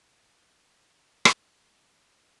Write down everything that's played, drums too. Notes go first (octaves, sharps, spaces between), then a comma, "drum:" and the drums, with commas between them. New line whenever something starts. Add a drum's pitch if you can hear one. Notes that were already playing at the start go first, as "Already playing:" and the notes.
F#2 G3 A3 C#4
drum: rim click